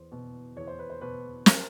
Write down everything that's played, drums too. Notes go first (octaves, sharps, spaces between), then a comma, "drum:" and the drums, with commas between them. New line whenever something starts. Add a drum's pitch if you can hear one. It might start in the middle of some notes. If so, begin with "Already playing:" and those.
Already playing: E2 C5
B2
E2 C#5
C5
B4
C5
B2 B4
A#4, drum: snare